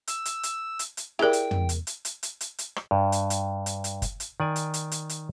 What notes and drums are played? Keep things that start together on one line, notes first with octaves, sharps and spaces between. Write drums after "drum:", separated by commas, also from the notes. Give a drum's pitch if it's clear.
E6, drum: hi-hat
drum: hi-hat
drum: hi-hat
drum: hi-hat
drum: hi-hat
E4 G4 G#4 A#4 D5 G5
drum: hi-hat
drum: tom
drum: hi-hat
drum: hi-hat
drum: hi-hat
drum: hi-hat
drum: hi-hat
drum: hi-hat
drum: rim click
G2
drum: hi-hat
drum: hi-hat
drum: hi-hat
drum: hi-hat
drum: kick F#1, hi-hat
drum: hi-hat
D#3 D5 G#5
drum: hi-hat
drum: hi-hat
drum: hi-hat
drum: hi-hat